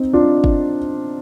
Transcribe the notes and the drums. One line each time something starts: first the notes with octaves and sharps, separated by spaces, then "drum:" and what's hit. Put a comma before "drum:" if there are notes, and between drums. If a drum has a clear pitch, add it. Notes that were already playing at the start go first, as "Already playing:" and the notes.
Already playing: C4 D#4
D4 F4
drum: kick G1